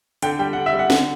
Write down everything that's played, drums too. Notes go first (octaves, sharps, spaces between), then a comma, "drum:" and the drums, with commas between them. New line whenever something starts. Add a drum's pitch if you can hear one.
D3 G5, drum: hi-hat
G3 G5
D3 F#5
E5
G3
F#5
D3, drum: snare